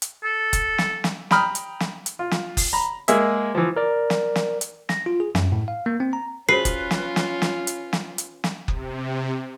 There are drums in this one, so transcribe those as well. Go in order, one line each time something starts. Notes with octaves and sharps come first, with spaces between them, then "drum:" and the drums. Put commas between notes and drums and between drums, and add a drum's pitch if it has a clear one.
drum: hi-hat
A4
drum: kick F#1, hi-hat
drum: snare
drum: snare
G5 A#5 B5 D#6 F6, drum: snare
drum: hi-hat
drum: snare
drum: hi-hat
F4
drum: snare
drum: kick F#1, open hi-hat
A#5 B5
G#3 A#3 G#4 E5, drum: hi-hat
E3 F3
A#4 D5
drum: snare
drum: snare
drum: hi-hat
A#6, drum: snare
F4
G#4
F#2, drum: snare
A2
F5
A#3
C4
A#5
C#4 F4 F#4 G#4 B4 C5 C7
drum: kick F#1, hi-hat
drum: snare
drum: snare
drum: snare
drum: hi-hat
drum: snare
drum: hi-hat
drum: snare
C3, drum: kick F#1